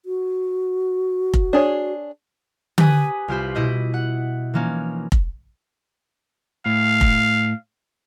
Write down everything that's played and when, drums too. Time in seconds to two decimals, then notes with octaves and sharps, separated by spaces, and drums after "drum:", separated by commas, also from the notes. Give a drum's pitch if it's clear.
0.06 F#4
1.34 drum: kick F1
1.53 D4 G#4 C#5
2.78 G4 B4 G#5 D#6, drum: tom D3
3.28 C2 F4 G4 C5 B5
3.55 B2 E4 D#5 G6
3.94 F#5
4.54 E3 F3 A#3 C#4 D#4
5.12 drum: kick F1
6.66 A2 F5
7.01 drum: kick F1